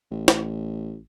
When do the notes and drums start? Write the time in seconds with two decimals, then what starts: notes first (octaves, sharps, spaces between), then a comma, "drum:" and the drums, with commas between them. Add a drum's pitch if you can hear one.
0.11 A1
0.28 drum: snare